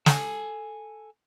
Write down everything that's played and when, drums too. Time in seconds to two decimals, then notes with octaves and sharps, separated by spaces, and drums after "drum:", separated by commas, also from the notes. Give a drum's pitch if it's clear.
0.06 A4 G#5, drum: snare